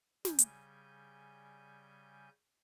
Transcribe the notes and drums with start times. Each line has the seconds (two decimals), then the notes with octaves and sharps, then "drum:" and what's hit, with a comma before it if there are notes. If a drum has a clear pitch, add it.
0.25 C#3 G3 G#5 G6, drum: snare
0.39 drum: hi-hat